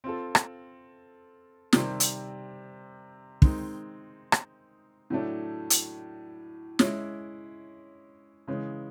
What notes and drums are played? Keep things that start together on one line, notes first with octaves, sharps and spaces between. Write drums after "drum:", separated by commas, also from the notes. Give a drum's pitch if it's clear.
C4 F4 A4
drum: rim click
C3 D#3 G3 C4, drum: snare
drum: hi-hat
D#3 G#3 C4 D#4, drum: kick
drum: rim click
A2 F#3 A3 D4
drum: hi-hat
G#3 C#4 E4, drum: snare
C#3 E3 G#3 C#4